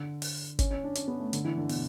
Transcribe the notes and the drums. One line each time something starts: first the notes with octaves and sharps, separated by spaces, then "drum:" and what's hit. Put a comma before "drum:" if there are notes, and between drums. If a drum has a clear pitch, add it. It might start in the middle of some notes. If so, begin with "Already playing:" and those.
Already playing: D3
drum: open hi-hat
C#4, drum: kick G1, hi-hat
C#4
D4
C#4, drum: hi-hat
B3
A3
D3, drum: hi-hat
E3
D3
B2, drum: open hi-hat